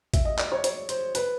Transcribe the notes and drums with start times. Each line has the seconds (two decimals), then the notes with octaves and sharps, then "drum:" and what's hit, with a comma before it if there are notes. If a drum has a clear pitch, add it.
0.14 E5, drum: kick, hi-hat
0.25 D#5
0.39 D5, drum: clap
0.52 C#5
0.64 C#5, drum: hi-hat
0.89 C5, drum: hi-hat
1.15 B4, drum: hi-hat